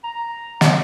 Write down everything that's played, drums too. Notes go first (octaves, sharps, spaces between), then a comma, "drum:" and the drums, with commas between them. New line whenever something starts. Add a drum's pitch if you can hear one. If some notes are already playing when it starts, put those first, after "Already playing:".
A#5
drum: snare